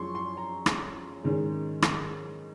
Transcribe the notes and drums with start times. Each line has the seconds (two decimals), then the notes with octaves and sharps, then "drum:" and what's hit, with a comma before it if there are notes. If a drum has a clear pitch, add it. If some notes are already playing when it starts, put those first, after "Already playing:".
Already playing: F#2 F3 G#3 C#4 C6 C#6
0.15 C6
0.37 A#5
0.66 drum: rim click
1.24 G#2 D#3 G#3 C#4
1.82 drum: rim click